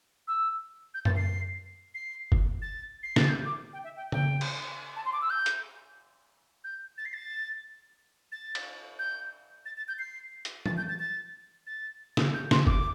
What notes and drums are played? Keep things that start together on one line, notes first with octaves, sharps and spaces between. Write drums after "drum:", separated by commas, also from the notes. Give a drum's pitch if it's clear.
E6
G6
A6, drum: tom F#2
C7
C7
drum: kick F#1
A6
C7
A6, drum: snare
G6
D6
G5
E5
G5
G5, drum: tom C#3
drum: cymbal
A5
C6
D6
E6
G6
drum: hi-hat
G6
A6
C7
A6
A6
drum: cymbal
G6
A6
A6
G6
C7
drum: hi-hat
A6, drum: tom E3
G6
A6
A6
A6
drum: snare
G6
C6, drum: snare
D6, drum: kick F#1